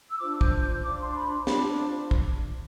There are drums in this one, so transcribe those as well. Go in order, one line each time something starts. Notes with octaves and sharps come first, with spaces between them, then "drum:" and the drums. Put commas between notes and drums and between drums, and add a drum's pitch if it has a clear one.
E6
D4 F4 C5 D6
G6, drum: kick
G6
D4 F4 C5 D6
C6
B5
D4 F4 C5 B5, drum: snare
drum: kick